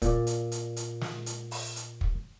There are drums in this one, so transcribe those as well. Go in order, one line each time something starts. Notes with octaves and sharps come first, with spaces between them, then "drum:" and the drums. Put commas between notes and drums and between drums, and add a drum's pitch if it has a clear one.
A#2 D5, drum: kick, hi-hat
drum: hi-hat
drum: hi-hat
drum: hi-hat
drum: snare
drum: hi-hat
drum: open hi-hat
drum: hi-hat
drum: kick